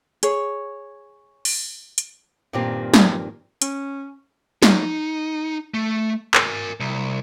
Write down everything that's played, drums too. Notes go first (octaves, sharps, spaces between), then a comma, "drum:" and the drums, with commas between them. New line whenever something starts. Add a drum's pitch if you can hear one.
G#4 C#5, drum: hi-hat
drum: open hi-hat
drum: hi-hat
G2 A#2 D#3 A#3 C4 G4
drum: snare
C#4, drum: hi-hat
D#4, drum: snare
A3
A#4 G#5, drum: clap
C2